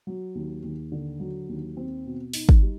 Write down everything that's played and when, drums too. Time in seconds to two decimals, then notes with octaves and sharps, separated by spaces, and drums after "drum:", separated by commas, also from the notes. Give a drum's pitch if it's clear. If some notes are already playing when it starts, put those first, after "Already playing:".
0.07 F#3
0.35 D#2
0.63 D#2
0.92 D3
1.20 F#3
1.49 D#2
1.77 C4
2.05 B2
2.34 D#4, drum: open hi-hat
2.49 drum: kick
2.62 G3